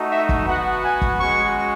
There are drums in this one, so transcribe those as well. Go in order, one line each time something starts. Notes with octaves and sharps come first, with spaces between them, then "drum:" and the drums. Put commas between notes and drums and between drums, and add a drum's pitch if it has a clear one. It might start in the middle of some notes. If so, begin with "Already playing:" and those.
Already playing: A3 D#4 F#4
E5
drum: kick
B3 F#4 F#5
G#5
drum: kick
G#3 C#4 F#4 C#6